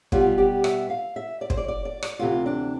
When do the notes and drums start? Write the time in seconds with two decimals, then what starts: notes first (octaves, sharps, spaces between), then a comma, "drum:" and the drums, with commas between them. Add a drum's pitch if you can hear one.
0.12 B2 G3 B3 F4, drum: kick
0.38 G4
0.64 E5, drum: rim click
0.90 F5
1.16 E5
1.41 D5
1.50 C5, drum: kick
1.57 D5
1.68 D5
1.85 D5
2.03 D5, drum: rim click
2.19 D2 C3 E3 F4
2.46 D4